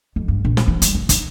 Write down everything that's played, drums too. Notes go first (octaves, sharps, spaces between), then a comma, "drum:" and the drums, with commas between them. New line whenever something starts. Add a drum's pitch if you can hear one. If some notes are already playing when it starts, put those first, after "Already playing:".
F2
G2
A#1
drum: snare
E3
G3, drum: hi-hat
D1
D#4, drum: kick, hi-hat